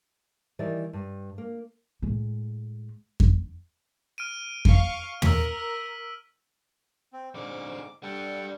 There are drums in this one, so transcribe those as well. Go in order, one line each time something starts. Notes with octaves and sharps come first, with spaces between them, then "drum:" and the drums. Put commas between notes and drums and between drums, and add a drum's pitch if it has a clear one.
D#3 E3 G3 D5
G2
A#3
A2 G#3
drum: kick F2
F6 D7 D#7
F5 C#6, drum: kick F2
A#4 E6 B6, drum: tom
C4
G#2 D3 C4 D6
G3 D4 A4 F#5 G5